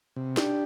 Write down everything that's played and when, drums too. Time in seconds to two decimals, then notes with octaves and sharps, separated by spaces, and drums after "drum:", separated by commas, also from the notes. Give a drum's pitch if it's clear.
0.16 C3
0.37 D4 G4, drum: snare